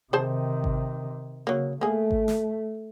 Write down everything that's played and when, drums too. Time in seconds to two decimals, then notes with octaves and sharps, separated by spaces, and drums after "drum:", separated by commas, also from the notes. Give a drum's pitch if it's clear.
0.13 C3 D#3 G#4 C5 A5
0.64 drum: kick G#1
1.47 C#3 F#3 A#3
1.81 A3 A#3 G#4
2.11 drum: kick G#1
2.28 drum: snare